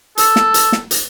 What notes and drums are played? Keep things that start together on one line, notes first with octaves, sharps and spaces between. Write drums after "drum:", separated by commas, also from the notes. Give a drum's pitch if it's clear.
A4, drum: hi-hat
drum: snare
drum: hi-hat
drum: snare
drum: hi-hat